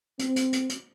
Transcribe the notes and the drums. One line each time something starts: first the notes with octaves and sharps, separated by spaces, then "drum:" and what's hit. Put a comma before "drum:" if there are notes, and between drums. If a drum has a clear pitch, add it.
C4, drum: hi-hat
drum: hi-hat
drum: hi-hat
drum: hi-hat